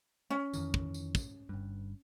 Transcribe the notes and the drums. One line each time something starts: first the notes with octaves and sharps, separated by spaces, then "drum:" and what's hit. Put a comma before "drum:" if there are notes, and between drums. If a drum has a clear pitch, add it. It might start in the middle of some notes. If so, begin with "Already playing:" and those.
C#4
F2 D#3 E3, drum: tambourine
drum: kick
drum: tambourine
drum: kick, tambourine
G1 G2